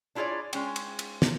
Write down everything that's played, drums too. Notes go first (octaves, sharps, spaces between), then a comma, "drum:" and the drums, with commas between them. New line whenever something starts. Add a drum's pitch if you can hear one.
D4 E4 F4 G#4 C#5 D5
G#3 C#4 G5, drum: cymbal
drum: cymbal
drum: cymbal
drum: snare